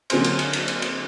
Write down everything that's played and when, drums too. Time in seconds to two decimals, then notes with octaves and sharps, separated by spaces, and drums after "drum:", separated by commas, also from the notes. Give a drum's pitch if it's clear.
0.10 D3 F#3 A#3 C4 G#4 C5, drum: cymbal
0.24 drum: cymbal
0.39 drum: cymbal
0.53 drum: cymbal
0.68 drum: cymbal
0.82 drum: cymbal